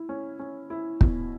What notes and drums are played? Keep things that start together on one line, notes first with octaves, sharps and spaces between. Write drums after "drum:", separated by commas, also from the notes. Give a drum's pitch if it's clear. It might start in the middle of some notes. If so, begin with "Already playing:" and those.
Already playing: E4
C#4
C#4
E4
B2, drum: kick